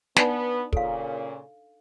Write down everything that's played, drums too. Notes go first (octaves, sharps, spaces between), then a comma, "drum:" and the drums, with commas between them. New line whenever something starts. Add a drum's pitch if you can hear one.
B3 D4 D#4 D5, drum: snare
A#2 C#3 A4 F5, drum: kick